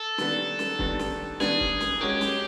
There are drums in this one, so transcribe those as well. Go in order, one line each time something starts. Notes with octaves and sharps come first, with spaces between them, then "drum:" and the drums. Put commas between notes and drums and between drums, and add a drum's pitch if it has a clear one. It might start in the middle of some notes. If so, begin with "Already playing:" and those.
Already playing: A4
D#3 G3 B3 D4, drum: snare
drum: snare
D#3 G3 B3 D4, drum: kick
drum: snare
D#3 G3 B3 D4 G#4, drum: snare
drum: kick
drum: snare
G#3 C#4 F#4 G4 A#4
drum: snare